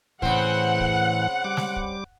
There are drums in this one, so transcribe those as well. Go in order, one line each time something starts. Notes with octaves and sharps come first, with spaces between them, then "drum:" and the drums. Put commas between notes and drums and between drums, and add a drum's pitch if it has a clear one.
A2 C#3 E3 C4 F#5, drum: kick
drum: kick
G3 D6
drum: snare
drum: kick